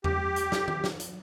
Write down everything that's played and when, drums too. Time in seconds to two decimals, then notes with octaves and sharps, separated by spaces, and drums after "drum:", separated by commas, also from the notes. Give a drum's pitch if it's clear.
0.04 G4, drum: tom E2
0.36 drum: hi-hat
0.52 drum: snare
0.68 drum: tom D#3
0.84 drum: snare
1.00 drum: hi-hat